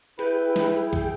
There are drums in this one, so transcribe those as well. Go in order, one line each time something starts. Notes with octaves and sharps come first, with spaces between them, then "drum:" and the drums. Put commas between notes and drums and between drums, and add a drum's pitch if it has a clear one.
E4 G#4 B4 G5, drum: hi-hat
drum: snare
drum: kick, hi-hat